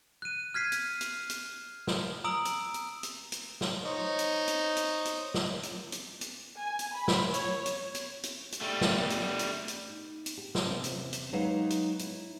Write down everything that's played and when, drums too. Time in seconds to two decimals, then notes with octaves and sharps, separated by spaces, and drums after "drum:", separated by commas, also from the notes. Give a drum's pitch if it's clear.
0.22 F#6 D#7
0.54 F6 G#6 B6 C7 D#7
0.72 drum: hi-hat
1.01 drum: hi-hat
1.30 drum: hi-hat
1.87 drum: snare
2.24 A#5 D#6 E6 D7 F#7
2.45 drum: hi-hat
2.74 drum: hi-hat
3.03 drum: hi-hat
3.32 drum: hi-hat
3.61 drum: snare
3.86 D#4 C5 C#5
4.19 drum: hi-hat
4.48 drum: hi-hat
4.77 drum: hi-hat
5.05 drum: hi-hat
5.34 drum: snare
5.63 drum: hi-hat
5.92 drum: hi-hat
6.21 drum: hi-hat
6.60 G#5
6.79 drum: hi-hat
6.96 B5
7.08 drum: snare
7.34 C#5, drum: hi-hat
7.66 drum: hi-hat
7.95 drum: hi-hat
8.23 drum: hi-hat
8.52 drum: hi-hat
8.62 G3 A3
8.81 drum: snare
9.10 drum: hi-hat
9.39 drum: hi-hat
9.68 drum: hi-hat
9.90 D#4
10.26 drum: hi-hat
10.37 G4
10.55 drum: snare
10.66 E2 C3 C#4
10.84 drum: hi-hat
11.13 drum: hi-hat
11.33 F#3 G#3 D#4 G4 B4 F5
11.70 drum: hi-hat
11.99 E4, drum: hi-hat